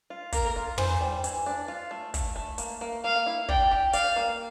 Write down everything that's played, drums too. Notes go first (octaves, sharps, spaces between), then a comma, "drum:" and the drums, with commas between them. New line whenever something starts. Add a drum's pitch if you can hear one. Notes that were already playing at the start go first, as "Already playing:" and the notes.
F4
A#3 A#4, drum: kick, hi-hat
F4
E3 C5, drum: tom
G3
E3, drum: hi-hat
D4
F4
A3
A3, drum: kick, hi-hat
A3
A#3, drum: hi-hat
A#3
A#3 F5
E4
D5 G5, drum: kick
G4
D5 F5, drum: hi-hat
A#3